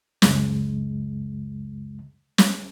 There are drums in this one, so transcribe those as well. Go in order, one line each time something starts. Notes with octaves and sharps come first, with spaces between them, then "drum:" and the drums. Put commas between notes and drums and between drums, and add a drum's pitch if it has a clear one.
C#2 F#2 C#3 G#3, drum: snare
drum: snare